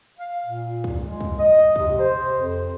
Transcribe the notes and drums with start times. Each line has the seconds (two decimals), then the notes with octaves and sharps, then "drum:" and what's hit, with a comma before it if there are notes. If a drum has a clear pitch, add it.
0.19 F5
0.46 A#2
0.84 drum: kick
1.03 G#3
1.21 drum: kick
1.39 D#5
1.76 C3, drum: kick
1.99 C5
2.40 F2